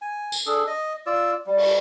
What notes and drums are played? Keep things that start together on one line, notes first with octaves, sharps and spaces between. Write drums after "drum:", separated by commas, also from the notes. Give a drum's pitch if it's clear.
G#5
drum: tambourine
D4 G#4 A4
D#5
F4 D5 E6
G3
drum: cymbal